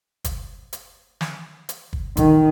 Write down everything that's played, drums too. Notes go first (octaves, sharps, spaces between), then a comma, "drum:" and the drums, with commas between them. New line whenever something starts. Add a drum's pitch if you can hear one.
drum: kick, hi-hat
drum: hi-hat
drum: snare
drum: hi-hat
drum: kick
D#3, drum: kick, hi-hat